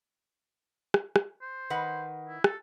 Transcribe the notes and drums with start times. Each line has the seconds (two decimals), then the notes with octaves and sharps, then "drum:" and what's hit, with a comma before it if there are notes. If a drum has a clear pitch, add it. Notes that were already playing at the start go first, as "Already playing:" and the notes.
0.94 drum: rim click
1.16 drum: rim click
1.42 C5
1.70 D#3 B4 F#5
2.28 E4
2.44 A4, drum: rim click